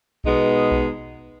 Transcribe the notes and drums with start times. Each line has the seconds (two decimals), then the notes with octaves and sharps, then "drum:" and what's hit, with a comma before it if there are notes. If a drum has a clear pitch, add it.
0.24 B2 G#3 B3 D#4, drum: kick A#1
0.71 drum: kick A#1